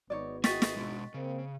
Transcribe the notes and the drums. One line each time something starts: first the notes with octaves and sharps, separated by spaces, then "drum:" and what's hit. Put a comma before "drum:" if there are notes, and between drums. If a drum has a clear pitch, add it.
G#1 B3 D#4 C#5 D5
F#4 G#4 D#5 G5 C#6 A6 B6, drum: snare
drum: snare
B2 G#3
C#3 A#3 C4